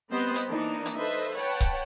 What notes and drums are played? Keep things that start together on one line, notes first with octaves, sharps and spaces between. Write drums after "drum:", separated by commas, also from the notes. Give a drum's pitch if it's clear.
G3 B3 C4 B4 C5 D#5
drum: hi-hat
E3 A#3 D4 D#4
drum: hi-hat
A4 B4 C5 D#5 E5
B4 C#5 F#5 G5 A5
drum: kick C#1, hi-hat